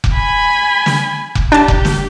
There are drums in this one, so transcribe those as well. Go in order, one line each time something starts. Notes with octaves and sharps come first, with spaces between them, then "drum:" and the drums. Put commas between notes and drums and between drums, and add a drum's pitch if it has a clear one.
drum: kick F1
G#5 B5
drum: snare
drum: kick F1
D4 G4 A5
drum: kick F1
drum: snare